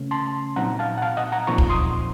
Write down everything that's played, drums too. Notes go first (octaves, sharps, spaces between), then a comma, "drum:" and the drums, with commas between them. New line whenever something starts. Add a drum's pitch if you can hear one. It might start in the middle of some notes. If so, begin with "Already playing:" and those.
Already playing: C#3 A3 C#4
A5 C6
A#2 F#3 C4 D#4 F#5 A#5
F5 A5
F#5
F5 A5
D#5 F#5
F#5 A#5
A#2 F3 C4 D#4 A#5 C#6
drum: kick
C6 D#6